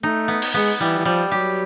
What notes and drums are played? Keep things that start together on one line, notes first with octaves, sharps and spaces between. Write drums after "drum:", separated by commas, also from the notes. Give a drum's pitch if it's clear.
A3 D#4
B3
drum: cymbal
G#3 B3
E3 G3
E3
F3 G3
F#3 G4